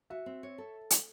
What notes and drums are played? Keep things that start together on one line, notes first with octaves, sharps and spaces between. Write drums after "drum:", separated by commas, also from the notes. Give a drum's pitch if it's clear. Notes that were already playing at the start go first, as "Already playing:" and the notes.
F#4 E5
C4
C#5
A4
drum: hi-hat